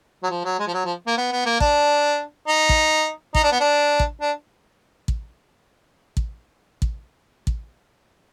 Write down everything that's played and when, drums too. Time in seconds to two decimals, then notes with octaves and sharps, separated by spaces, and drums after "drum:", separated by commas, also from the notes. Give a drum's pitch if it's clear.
0.23 F#3
0.30 F3
0.45 F#3
0.59 G#3
0.67 F3
0.74 F#3
0.85 F3
1.07 A#3
1.17 B3
1.32 B3
1.46 A#3
1.60 D4, drum: kick
2.48 D#4
2.69 drum: kick
3.35 D#4, drum: kick
3.43 D4
3.52 B3
3.60 D4
4.00 drum: kick
4.21 D4
5.08 drum: kick
6.17 drum: kick
6.82 drum: kick
7.47 drum: kick